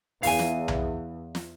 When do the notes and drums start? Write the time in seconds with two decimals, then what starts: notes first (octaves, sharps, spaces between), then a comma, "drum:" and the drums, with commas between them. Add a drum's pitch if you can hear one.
0.23 E2 F5 G#5, drum: open hi-hat
0.39 drum: snare
0.68 drum: tom B1
1.35 drum: snare